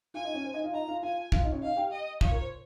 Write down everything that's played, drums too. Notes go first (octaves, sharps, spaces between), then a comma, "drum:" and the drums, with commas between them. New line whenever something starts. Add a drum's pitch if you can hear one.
F4 F5 G#5
D#4 D#5
C#4 C#5
C5
D#4 D#5
F4 F5
D#4 D#5 A#5
F4 F5
F4 F5 G#5
F4 F5, drum: kick
D#4 D#5
C#4 C#5
D#4 D#5 F5
G4 G5
D#5
F4 C#5 F5, drum: kick
A#4
C5